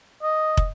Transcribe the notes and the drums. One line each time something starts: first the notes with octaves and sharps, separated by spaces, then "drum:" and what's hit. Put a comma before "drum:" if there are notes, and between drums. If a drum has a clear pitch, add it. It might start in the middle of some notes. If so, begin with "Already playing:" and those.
D#5
drum: kick